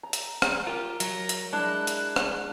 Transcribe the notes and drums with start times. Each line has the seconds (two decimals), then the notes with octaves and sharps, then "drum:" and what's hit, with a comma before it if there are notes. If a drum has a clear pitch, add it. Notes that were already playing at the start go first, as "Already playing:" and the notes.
0.03 A#5
0.13 drum: hi-hat
0.42 drum: rim click
0.67 F4 G4 A#4
1.00 F#3 A#5, drum: hi-hat
1.29 drum: hi-hat
1.53 G#3 D4 E4 F#6
1.87 drum: hi-hat
2.16 drum: rim click